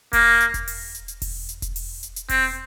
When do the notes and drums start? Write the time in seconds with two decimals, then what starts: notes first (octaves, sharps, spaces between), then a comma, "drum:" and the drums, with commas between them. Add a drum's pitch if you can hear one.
0.13 A#3, drum: kick E1, open hi-hat
0.40 drum: hi-hat
0.54 drum: kick E1, hi-hat
0.68 drum: open hi-hat
0.95 drum: hi-hat
1.08 drum: hi-hat
1.22 drum: kick E1, open hi-hat
1.49 drum: hi-hat
1.62 drum: kick E1, hi-hat
1.76 drum: open hi-hat
2.03 drum: hi-hat
2.16 drum: hi-hat
2.29 C4, drum: kick E1, open hi-hat